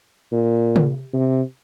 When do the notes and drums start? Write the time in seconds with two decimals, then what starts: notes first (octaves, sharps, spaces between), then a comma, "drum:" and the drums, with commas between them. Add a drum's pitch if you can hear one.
0.32 A#2
0.76 drum: tom
1.13 C3